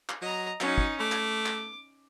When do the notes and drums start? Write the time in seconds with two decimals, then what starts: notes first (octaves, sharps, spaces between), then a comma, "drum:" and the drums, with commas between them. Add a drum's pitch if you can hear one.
0.09 drum: clap
0.22 F#3 D#5 A#5
0.61 F#3 C#4 D#4, drum: clap
0.78 drum: kick
1.00 A3 D6
1.12 drum: clap
1.46 drum: clap